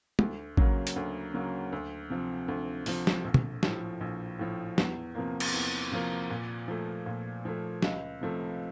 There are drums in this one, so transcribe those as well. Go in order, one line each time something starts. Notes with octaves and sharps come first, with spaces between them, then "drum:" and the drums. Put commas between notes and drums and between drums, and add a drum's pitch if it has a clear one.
D2, drum: tom
C#3 F#3 A#3, drum: kick
drum: hi-hat
D2
C#3 F#3 A#3
D2
C3 F3
D2
C3 F3, drum: open hi-hat
drum: snare
A#1
drum: tom
A2 F3, drum: snare
A#1
A2 F3
E2, drum: snare
C3 F3 A#3
drum: cymbal
E2
C3 F3 A#3
A#2
F3 A3
A#2
F3 A3
C#2, drum: snare
C3 F3 A3